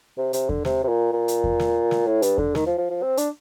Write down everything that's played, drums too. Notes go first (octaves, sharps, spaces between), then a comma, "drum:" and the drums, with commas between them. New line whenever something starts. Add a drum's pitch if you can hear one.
C3
C3, drum: hi-hat
D3, drum: kick E2
C3, drum: snare
C3
A#2
A#2
drum: hi-hat
drum: kick E2
drum: snare
drum: snare
A2
G2, drum: hi-hat
D3, drum: kick E2
D#3, drum: snare
F3
F3
F3
C4
D4, drum: hi-hat